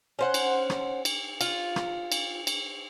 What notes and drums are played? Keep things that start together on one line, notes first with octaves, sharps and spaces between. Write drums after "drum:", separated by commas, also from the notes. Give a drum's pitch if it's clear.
C#4 C5 F#5
drum: cymbal
drum: rim click
drum: cymbal
F4, drum: cymbal
drum: rim click
drum: cymbal
drum: cymbal